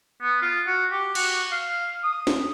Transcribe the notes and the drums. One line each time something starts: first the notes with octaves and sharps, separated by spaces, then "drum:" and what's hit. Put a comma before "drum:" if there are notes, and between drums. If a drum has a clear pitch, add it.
B3
F4
F#4
G4
F#4, drum: cymbal
F5
D#6
drum: snare